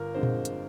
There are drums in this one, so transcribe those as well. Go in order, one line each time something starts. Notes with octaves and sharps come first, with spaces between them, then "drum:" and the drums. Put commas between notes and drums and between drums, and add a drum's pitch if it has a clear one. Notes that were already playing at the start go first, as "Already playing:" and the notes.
Already playing: G1 A#4
F2 D3 G#3 C5
drum: tom A#2
drum: hi-hat